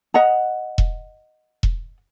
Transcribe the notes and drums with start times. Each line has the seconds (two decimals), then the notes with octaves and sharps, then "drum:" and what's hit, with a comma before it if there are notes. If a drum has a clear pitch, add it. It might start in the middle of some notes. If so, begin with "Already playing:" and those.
0.14 D#5 F#5 A#5
0.78 drum: kick E1
1.63 drum: kick E1